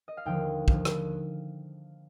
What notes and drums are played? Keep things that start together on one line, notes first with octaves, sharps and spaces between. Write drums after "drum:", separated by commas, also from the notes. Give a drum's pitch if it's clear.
D#5
F5
D#2 D3 F3 G5
D#2 D3 F3, drum: kick
drum: rim click